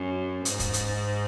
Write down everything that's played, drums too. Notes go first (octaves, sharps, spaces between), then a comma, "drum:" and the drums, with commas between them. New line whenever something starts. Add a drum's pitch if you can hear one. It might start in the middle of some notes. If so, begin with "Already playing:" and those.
Already playing: F#2
G#2, drum: hi-hat
drum: kick, hi-hat
drum: hi-hat